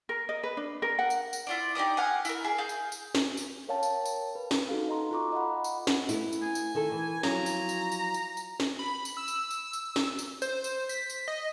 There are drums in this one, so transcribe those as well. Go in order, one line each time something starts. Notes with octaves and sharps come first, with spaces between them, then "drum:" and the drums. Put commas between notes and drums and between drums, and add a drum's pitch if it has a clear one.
A#4
D#5
B4
D4
A#4
F#5
drum: tambourine
drum: tambourine
E4 F4 D5
D#4 G4 D5 D#6
F5 F#5 G#5
E4 A#4, drum: tambourine
G#4
G#4 F5 G6
drum: tambourine
drum: tambourine
drum: snare
drum: tambourine
A#4 C#5 F5 G5 A5
drum: tambourine
drum: tambourine
B4
drum: snare
D#4 F#4 A4 F5
D#5 F5 A#5 C6
F4 A4 A#5 C#6 D6
D#5 F5 F#5 B5
drum: tambourine
drum: snare
A3 B3 E4, drum: tambourine
drum: tambourine
G#5
drum: tambourine
D#3 A4
E3
F3 F#3 E4 A#5, drum: snare
drum: tambourine
drum: tambourine
drum: tambourine
drum: tambourine
drum: tambourine
drum: snare
B5
drum: tambourine
E6
drum: tambourine
drum: tambourine
drum: tambourine
drum: snare
drum: tambourine
C5, drum: tambourine
drum: tambourine
B6, drum: tambourine
drum: tambourine
D#5